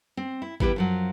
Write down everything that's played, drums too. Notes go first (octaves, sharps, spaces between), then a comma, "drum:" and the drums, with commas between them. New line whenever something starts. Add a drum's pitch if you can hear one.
C4
E4
E2 E4 G4 B4 G5, drum: kick G#1
F#2 F3 F#3